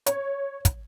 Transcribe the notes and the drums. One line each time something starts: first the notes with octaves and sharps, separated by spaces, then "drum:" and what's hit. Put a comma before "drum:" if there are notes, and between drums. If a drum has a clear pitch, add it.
C#5, drum: hi-hat
drum: kick, hi-hat